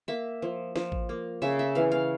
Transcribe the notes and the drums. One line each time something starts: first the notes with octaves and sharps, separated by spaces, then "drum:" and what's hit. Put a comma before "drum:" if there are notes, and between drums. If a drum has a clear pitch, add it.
A#3 E5
F3
F3, drum: snare
drum: kick A1
A#3
C#3 E5
E5
E3 F5
F5